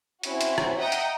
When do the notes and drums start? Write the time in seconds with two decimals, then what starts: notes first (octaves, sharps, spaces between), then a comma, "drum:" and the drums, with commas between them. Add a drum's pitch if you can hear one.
0.23 C4 C#4 E4 F#4, drum: hi-hat
0.41 drum: hi-hat
0.58 drum: rim click
0.78 D#5 E5 F#5 G5 A#5 D#6
0.92 drum: hi-hat